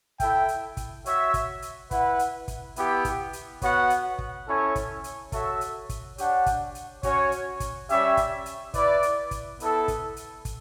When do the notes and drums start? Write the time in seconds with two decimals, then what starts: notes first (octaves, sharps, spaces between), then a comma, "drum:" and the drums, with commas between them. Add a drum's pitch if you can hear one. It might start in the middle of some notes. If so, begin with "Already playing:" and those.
0.20 E4 A4 E5 G5, drum: kick, hi-hat
0.48 drum: hi-hat
0.77 drum: kick, hi-hat
1.06 F#4 C#5 E5, drum: hi-hat
1.34 drum: kick, hi-hat
1.62 drum: hi-hat
1.91 E4 B4 F#5, drum: kick, hi-hat
2.19 drum: hi-hat
2.48 drum: kick, hi-hat
2.76 B3 E4 G4, drum: hi-hat
3.05 drum: kick, hi-hat
3.33 drum: hi-hat
3.62 B3 F#4 C#5 F#5, drum: kick, hi-hat
3.90 drum: hi-hat
4.19 drum: kick
4.47 C#4 E4 A4 C#5
4.76 drum: kick, hi-hat
5.04 drum: hi-hat
5.32 F#4 A4 C#5 E5, drum: kick, hi-hat
5.61 drum: hi-hat
5.89 drum: kick, hi-hat
6.18 D4 G4 C#5 F#5, drum: hi-hat
6.46 drum: kick, hi-hat
6.75 drum: hi-hat
7.03 C#4 F#4 C#5, drum: kick, hi-hat
7.32 drum: hi-hat
7.60 drum: kick, hi-hat
7.89 G3 C#4 G4 C#5 E5, drum: hi-hat
8.17 drum: kick, hi-hat
8.46 drum: hi-hat
8.74 E4 B4 D5, drum: kick, hi-hat
9.03 drum: hi-hat
9.31 drum: kick, hi-hat
9.60 B3 E4 A4, drum: hi-hat
9.88 drum: kick, hi-hat
10.17 drum: hi-hat
10.45 drum: kick, hi-hat